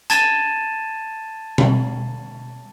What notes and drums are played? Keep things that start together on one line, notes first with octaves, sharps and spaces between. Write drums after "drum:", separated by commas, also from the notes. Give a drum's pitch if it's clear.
A5 G#6 A6 D#7 E7, drum: hi-hat
drum: tom B2